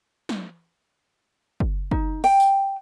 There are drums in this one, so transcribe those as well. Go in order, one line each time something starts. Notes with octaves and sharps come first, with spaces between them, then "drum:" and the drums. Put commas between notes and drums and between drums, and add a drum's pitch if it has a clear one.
drum: snare
drum: kick
D#4, drum: kick
G5, drum: open hi-hat
drum: tambourine